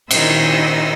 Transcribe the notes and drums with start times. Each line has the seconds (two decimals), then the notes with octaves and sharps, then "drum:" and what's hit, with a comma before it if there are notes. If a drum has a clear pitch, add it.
0.11 A#2 D#3 E4 C5 D#5 E6, drum: cymbal